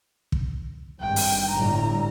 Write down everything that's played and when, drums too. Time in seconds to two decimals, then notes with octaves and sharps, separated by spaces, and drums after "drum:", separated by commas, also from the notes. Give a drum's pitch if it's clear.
0.32 drum: kick
1.01 G#1 G2 G5
1.16 drum: open hi-hat
1.51 G1 A2 G3 A#5